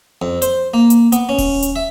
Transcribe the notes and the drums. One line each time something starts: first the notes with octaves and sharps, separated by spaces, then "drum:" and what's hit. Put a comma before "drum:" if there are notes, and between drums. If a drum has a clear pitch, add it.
F2
C5, drum: hi-hat
A#3
drum: hi-hat
B3, drum: hi-hat
C#4
drum: kick D#1, open hi-hat
drum: hi-hat
E5